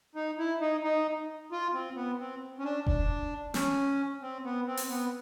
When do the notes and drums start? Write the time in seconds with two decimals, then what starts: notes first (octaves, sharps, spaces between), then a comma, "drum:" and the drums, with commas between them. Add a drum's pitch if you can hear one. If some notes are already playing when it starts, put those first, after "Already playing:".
0.15 D#4
0.39 E4
0.61 D#4
0.83 D#4
1.52 F4
1.74 C4
1.96 B3
2.19 C4
2.59 C#4
2.64 D4
2.87 D4, drum: kick F1
3.54 C#4, drum: snare
4.22 C4
4.45 B3
4.67 C4
4.77 drum: open hi-hat
4.89 B3